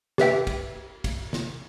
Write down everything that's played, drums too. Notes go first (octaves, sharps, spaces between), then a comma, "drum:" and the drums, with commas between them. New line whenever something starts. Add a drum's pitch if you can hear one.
G4 B4 E5 G5, drum: snare
drum: kick, cymbal
drum: kick, cymbal
drum: snare